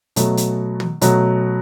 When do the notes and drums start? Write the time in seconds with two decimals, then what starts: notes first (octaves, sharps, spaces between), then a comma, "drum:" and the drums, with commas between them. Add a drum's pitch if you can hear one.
0.16 B2 F#3 A3, drum: hi-hat
0.37 drum: hi-hat
0.80 drum: tom
1.01 B2 F#3 A3, drum: hi-hat